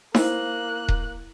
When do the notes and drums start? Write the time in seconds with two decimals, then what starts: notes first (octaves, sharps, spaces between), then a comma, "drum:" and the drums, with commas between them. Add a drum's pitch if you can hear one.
0.15 A#3 E4 C5 F#6, drum: snare D#4
0.88 drum: kick D#1